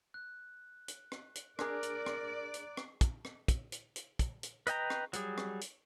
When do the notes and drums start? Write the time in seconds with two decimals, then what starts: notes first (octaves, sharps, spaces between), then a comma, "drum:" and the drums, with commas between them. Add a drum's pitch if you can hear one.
0.14 F#6
0.88 drum: hi-hat
1.12 drum: rim click
1.35 drum: hi-hat
1.59 D4 G#4 A#4 D5 A#5 D6 F#6, drum: rim click
1.83 drum: hi-hat
2.06 drum: rim click
2.54 drum: hi-hat
2.77 drum: rim click
3.01 drum: kick, hi-hat
3.25 drum: rim click
3.48 drum: kick, hi-hat
3.72 drum: hi-hat
3.96 drum: hi-hat
4.19 drum: kick, hi-hat
4.43 drum: hi-hat
4.67 B4 D#5 G5 A#5, drum: hi-hat
4.90 drum: rim click
5.13 F#3 G3 G#4, drum: hi-hat
5.38 drum: rim click
5.61 drum: hi-hat